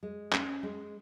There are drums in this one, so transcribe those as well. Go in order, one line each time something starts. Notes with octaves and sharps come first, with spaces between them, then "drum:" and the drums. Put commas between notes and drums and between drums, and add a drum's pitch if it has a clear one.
G#3
C#4, drum: clap
G#3